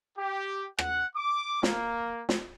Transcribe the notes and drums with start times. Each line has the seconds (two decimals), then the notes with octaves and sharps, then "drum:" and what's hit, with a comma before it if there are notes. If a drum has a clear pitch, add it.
0.18 G4
0.79 F#5, drum: rim click
1.16 D6
1.63 A#3, drum: snare
2.29 drum: snare